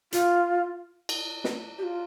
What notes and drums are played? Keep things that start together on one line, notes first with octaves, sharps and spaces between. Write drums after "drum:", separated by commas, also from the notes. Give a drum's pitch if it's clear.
F4, drum: hi-hat
drum: cymbal
drum: snare
G4
F4